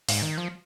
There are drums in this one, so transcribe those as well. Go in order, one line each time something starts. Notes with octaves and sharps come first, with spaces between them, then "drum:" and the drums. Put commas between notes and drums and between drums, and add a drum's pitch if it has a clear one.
G#2, drum: open hi-hat
D#3
F3